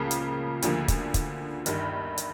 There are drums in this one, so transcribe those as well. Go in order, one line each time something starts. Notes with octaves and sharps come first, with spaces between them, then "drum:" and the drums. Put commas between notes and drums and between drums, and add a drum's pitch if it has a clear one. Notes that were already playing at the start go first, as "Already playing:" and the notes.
Already playing: C#2 C#3 F3 A#3
drum: hi-hat
D2 D3 F3 A#3, drum: hi-hat
drum: kick, hi-hat
drum: kick, hi-hat
G1 G2 D#3, drum: hi-hat
drum: hi-hat